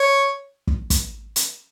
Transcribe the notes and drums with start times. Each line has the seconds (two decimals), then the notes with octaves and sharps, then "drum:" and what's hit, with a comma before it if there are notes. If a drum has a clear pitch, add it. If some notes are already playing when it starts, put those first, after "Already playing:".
Already playing: C#5
0.67 drum: kick
0.90 drum: kick, hi-hat
1.36 drum: hi-hat